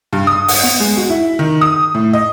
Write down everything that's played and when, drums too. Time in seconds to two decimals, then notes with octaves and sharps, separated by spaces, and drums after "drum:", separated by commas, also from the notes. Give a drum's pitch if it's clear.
0.13 G2
0.27 D#6
0.48 F#5, drum: open hi-hat
0.63 B3
0.80 G#3
0.97 F#4
1.10 E4
1.39 D#3
1.61 D#6
1.94 A2
2.13 D#5